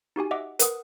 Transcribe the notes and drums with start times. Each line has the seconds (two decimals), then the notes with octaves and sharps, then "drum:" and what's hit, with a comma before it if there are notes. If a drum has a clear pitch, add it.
0.16 D#4 F#4 G4 G#5
0.31 D#5 E5 F#5 D6
0.59 A#4 B4 F#5 D#6, drum: hi-hat